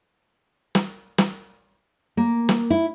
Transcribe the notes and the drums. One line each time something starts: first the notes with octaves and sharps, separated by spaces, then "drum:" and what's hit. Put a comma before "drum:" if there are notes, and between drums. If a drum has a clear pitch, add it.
drum: snare
drum: snare
A#3
drum: snare
E4